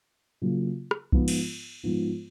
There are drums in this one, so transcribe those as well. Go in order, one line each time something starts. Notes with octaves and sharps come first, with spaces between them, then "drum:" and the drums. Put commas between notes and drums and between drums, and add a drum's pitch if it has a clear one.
C#3 F#3 A#3 F4
drum: rim click
G#2 F3 B3 F4, drum: kick B1
drum: cymbal
G#2 F3 B3 F4